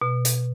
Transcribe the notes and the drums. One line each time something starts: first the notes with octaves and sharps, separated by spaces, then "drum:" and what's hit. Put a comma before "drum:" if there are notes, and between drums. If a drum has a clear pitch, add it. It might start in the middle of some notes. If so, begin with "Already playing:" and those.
B2
drum: hi-hat